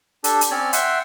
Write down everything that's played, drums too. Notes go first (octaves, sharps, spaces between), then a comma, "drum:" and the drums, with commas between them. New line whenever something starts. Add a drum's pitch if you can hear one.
D4 G4 A4, drum: hi-hat
drum: hi-hat
C4 C#4 C#5 D5
E5 F#5 G5 C6, drum: hi-hat